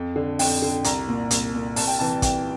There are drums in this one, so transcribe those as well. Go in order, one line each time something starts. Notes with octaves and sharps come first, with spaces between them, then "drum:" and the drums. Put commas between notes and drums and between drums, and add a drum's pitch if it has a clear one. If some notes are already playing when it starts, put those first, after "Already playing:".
Already playing: F2
D3
F2 G5, drum: open hi-hat
D3
C2 A#5, drum: hi-hat
A#2
C2, drum: hi-hat
A#2
C2 A5, drum: open hi-hat
G5
C3 E3 A5
C2 G5, drum: kick, hi-hat